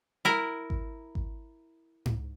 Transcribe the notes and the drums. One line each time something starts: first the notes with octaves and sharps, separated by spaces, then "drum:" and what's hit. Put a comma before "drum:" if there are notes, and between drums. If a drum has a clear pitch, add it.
E4 A#4
drum: kick G#1
drum: kick G#1
drum: tom G#2